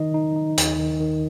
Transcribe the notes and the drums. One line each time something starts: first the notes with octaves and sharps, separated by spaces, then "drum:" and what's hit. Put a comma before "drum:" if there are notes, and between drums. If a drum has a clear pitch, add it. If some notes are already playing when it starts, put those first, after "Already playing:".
Already playing: D#3 D#4 D#5
D#4
D#4
D#2, drum: hi-hat
D#3
D#3